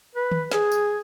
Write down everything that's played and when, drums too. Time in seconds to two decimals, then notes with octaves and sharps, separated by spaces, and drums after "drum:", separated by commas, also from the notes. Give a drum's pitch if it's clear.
0.15 B4
0.31 drum: tom D#3
0.52 G#4, drum: snare
0.72 drum: tambourine